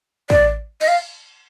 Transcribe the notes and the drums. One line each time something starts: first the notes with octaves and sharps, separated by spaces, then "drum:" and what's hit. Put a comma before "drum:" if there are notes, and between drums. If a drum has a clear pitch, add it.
D5, drum: kick
D#5, drum: cymbal
F5